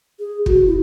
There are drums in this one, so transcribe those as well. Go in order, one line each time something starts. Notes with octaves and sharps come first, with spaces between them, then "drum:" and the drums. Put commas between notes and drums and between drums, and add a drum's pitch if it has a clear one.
G#4
F#4, drum: kick
E4